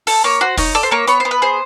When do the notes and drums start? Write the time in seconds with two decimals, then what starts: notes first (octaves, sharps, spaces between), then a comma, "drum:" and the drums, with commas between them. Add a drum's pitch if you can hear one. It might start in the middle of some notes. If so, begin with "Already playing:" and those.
0.07 A4, drum: open hi-hat
0.24 A#3 C#5
0.41 F#4 C5
0.57 D#4 C#5, drum: kick, open hi-hat
0.75 A4 D5
0.83 C5
0.91 A#3 C#5
1.07 B3 C#5, drum: hi-hat
1.20 B3 C5
1.31 B4
1.42 G#4 C5